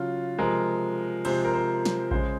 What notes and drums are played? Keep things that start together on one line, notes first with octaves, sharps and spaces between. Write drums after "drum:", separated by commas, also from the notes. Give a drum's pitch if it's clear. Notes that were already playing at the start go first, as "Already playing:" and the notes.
Already playing: C#3 F#3 F4
C3 F3 G#3 A#4
C3 F3 G#3 C5, drum: cymbal
A#4
C5
drum: snare
C#3 G#3 C5, drum: kick A#1